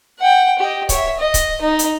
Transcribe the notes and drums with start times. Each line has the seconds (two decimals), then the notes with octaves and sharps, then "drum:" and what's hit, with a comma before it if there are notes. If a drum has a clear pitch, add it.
0.19 F#5 G5
0.59 G4 D#5
0.89 C#5 E5, drum: kick C#1, hi-hat
1.19 D#5
1.34 drum: kick C#1, hi-hat
1.61 D#4
1.79 drum: hi-hat